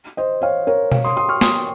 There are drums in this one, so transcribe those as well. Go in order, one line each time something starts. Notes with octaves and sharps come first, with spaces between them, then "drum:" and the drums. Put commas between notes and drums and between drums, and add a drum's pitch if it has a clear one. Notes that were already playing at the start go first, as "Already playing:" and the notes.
C5 D#5
C#5 F5
A#4 C#5
C#5 F5, drum: tom B2
C6 D#6
C6 D#6
C#6 F6
C6 D#6, drum: snare